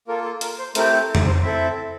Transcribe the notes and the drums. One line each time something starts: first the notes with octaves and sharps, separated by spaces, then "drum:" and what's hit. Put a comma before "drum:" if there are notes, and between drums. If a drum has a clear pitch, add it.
A#3 F4 A4 A#4
A4
A#4, drum: hi-hat
C5
A3 C4 E4 G4 A#4, drum: hi-hat
A4
drum: tom F2
C5
C4 E4 A4 E5